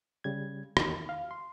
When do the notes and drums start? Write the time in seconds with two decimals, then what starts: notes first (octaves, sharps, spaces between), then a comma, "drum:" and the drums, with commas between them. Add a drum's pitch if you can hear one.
0.24 C#3 G3 G#6
0.77 E2 D#3, drum: rim click
1.09 F5
1.31 C6